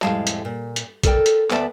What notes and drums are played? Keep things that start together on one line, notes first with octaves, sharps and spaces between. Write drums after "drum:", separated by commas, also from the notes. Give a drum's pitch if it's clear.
F2 A2 G3 G#3 F5 A5, drum: clap
drum: hi-hat
A#2
drum: hi-hat
A4 A#4 D5 G5, drum: kick, hi-hat
drum: hi-hat
D2 B3 B4 D5 E5 A5, drum: clap